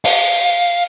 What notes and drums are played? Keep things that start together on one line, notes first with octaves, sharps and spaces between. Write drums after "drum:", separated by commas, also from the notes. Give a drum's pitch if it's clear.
F5, drum: open hi-hat